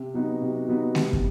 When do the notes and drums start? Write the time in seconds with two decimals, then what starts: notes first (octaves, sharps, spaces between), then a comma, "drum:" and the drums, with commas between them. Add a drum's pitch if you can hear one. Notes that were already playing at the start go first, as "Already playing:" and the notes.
Already playing: C3
0.14 F#3 B3 D#4 F#4
0.42 C3
0.68 F#3 B3 D#4 F#4
0.95 C3, drum: snare G#3
1.13 drum: kick